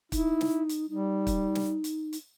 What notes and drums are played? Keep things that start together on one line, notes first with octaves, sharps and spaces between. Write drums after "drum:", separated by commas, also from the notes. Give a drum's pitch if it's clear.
D#4 E4, drum: kick, hi-hat
drum: snare
drum: hi-hat
G3 D#4
drum: kick, hi-hat
drum: snare
drum: hi-hat
drum: hi-hat